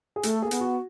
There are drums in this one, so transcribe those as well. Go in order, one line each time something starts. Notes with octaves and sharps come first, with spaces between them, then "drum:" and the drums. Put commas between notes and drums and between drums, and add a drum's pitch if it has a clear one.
G#4
A3 A4, drum: hi-hat
A#3 G#4
B3, drum: hi-hat
F#4